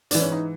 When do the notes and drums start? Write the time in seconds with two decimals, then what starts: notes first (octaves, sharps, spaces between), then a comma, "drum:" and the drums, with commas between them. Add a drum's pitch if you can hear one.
0.11 G#2 E3 D4, drum: hi-hat
0.21 C#4
0.32 D#4